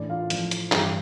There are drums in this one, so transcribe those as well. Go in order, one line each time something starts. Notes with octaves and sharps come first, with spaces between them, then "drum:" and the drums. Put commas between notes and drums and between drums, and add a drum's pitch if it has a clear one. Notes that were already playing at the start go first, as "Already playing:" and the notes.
Already playing: A2 E3 D4 D5
F4 F5
A2 F3, drum: hi-hat
drum: hi-hat
G2 E3 G4 G5, drum: clap